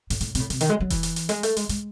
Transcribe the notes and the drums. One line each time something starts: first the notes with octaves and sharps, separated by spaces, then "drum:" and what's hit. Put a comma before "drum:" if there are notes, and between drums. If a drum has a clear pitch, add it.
A2, drum: hi-hat
A2, drum: hi-hat
C3, drum: hi-hat
A2
C3, drum: hi-hat
D#3, drum: hi-hat
G#3
F#3
E3, drum: kick F1, hi-hat
drum: hi-hat
drum: hi-hat
G#3, drum: hi-hat
A3, drum: hi-hat
G#3, drum: hi-hat
G#3, drum: hi-hat